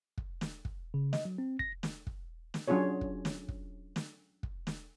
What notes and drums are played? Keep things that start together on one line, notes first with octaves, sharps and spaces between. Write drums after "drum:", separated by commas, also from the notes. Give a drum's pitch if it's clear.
drum: kick
drum: snare
drum: kick
C#3
D#5, drum: snare
F#3
C4
A#6, drum: kick
drum: snare
drum: kick
drum: snare
F#3 C#4 D4 F4 G#4 C#5
drum: kick
drum: snare
drum: kick
drum: snare
drum: kick
drum: snare